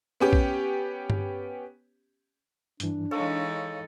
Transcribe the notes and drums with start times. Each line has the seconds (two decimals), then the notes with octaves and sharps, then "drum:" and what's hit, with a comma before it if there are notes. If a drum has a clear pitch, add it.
0.20 B3 C#4 G4
0.33 drum: kick A#1
1.10 drum: tom G2
2.80 G2 E3 D4, drum: hi-hat
3.11 E3 G#3 D#4 A4 C#5 F5 C#6